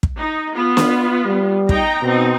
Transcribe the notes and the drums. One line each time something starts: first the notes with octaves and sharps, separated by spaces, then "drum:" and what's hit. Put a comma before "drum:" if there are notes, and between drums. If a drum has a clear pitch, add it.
drum: kick
D#4
B3 F4
drum: snare
G3
D#4 G5 A#5, drum: kick
B2 C4 D#4